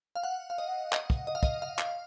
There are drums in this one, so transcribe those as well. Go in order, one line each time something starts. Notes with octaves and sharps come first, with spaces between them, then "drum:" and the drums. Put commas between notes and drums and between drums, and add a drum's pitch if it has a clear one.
F5
F#5
F5
D#5
D#5, drum: clap
drum: kick
D#5
F5
D#5, drum: kick
F5
drum: clap